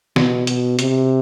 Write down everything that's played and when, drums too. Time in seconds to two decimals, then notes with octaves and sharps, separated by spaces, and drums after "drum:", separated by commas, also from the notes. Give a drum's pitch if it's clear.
0.16 B2, drum: snare B3
0.47 B2, drum: hi-hat
0.79 C3, drum: hi-hat